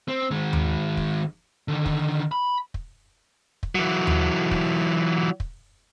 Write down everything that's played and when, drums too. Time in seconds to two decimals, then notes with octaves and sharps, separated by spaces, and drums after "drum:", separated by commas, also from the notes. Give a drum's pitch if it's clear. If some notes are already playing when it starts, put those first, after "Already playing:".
0.08 C4
0.31 D#3 G#3
0.53 drum: tom D#2
0.97 drum: kick
1.68 D3 D#3
1.86 drum: kick
2.32 B5
2.74 drum: kick
3.63 drum: kick
3.75 E3 F#3
4.07 drum: tom D#2
4.51 drum: kick
5.40 drum: kick